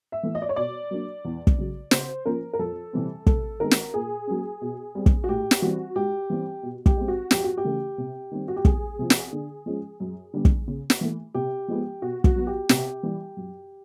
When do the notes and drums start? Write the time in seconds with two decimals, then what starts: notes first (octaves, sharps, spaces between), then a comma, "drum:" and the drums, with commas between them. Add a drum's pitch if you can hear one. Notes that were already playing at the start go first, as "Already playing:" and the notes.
0.12 E5
0.23 E3 A3
0.35 D#5
0.42 D5
0.49 C#5
0.56 B2 D5
0.91 F#3 A#3 D4
1.25 E2
1.47 drum: kick
1.58 C#3 F#3
1.91 C#3 C5, drum: snare
2.25 F3 A#3 C#4 A#4
2.53 A#4
2.59 F2 A4
2.93 C3 E3 G3 C4
3.27 C3 A4, drum: kick
3.60 D#3 G#3 C4 A#4
3.71 drum: snare
3.94 A#2 G#4
4.27 F#3 A#3 C#4
4.61 B2
4.95 G3 C4
5.06 drum: kick
5.24 F#4
5.29 A2 G4
5.51 drum: snare
5.62 E3 G3 C4 F#4
5.95 G#2 G4
6.30 E3 G3 C4
6.63 B2
6.86 G4, drum: kick
6.97 G#3 C4
7.08 F#4
7.31 F2 G4, drum: snare
7.44 F#4
7.57 G4
7.64 C#3 E3 A3 C#4
7.98 C3
8.31 D#3 G3 C4
8.48 F#4
8.56 G4
8.65 E2 G#4, drum: kick
8.99 C3 F3
9.10 drum: snare
9.33 D3
9.66 F3 G#3 C#4
10.00 F#2
10.33 D3 G3 B3 D4
10.45 drum: kick
10.68 C#3
10.90 drum: snare
11.01 E3 A3
11.34 C3 G4
11.68 F3 G#3 B3
12.02 B2 F#4
12.24 F#4, drum: kick
12.36 F#3 B3
12.47 G4
12.69 C3 G4, drum: snare
13.03 E3 G3
13.37 F#2